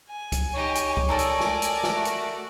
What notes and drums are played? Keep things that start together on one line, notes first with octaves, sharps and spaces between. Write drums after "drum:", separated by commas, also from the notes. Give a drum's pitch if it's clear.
G#5
drum: kick C#2, hi-hat
D#4 G4 C#5
drum: hi-hat
drum: kick C#2
D#4 A4 A#4 D5 E5 G#5
drum: hi-hat
drum: snare
drum: hi-hat
drum: snare
A3 F#4
drum: hi-hat